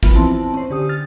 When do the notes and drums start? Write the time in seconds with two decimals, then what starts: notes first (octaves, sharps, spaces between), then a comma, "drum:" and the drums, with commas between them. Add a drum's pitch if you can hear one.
0.03 E3 F3 B3 F4, drum: kick
0.15 C4 E4 A5
0.54 C#4 C5
0.70 D3 G4 D#6
0.89 F6 A6